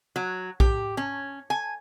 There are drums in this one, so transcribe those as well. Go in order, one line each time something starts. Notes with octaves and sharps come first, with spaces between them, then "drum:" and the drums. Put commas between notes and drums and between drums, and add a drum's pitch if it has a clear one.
F#3
G4, drum: kick
C#4
G#5